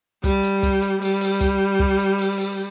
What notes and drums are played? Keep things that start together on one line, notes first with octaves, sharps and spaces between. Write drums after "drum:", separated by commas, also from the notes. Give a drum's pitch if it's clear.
G3, drum: kick, hi-hat
drum: hi-hat
drum: kick, hi-hat
drum: hi-hat
G3, drum: open hi-hat
drum: open hi-hat
drum: kick, hi-hat
drum: kick
drum: hi-hat
drum: open hi-hat
drum: open hi-hat